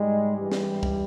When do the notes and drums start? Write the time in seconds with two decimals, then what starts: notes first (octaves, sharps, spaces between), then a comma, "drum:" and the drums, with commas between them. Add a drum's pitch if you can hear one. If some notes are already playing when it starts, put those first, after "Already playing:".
Already playing: G#2 G3 G#3
0.36 G2 E3 G3
0.52 drum: snare
0.83 drum: kick C2